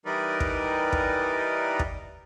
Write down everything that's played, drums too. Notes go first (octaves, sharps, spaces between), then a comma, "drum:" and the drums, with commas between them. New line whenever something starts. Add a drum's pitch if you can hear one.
E3 G3 D#4 A#4 B4 D5
drum: kick
drum: kick
drum: kick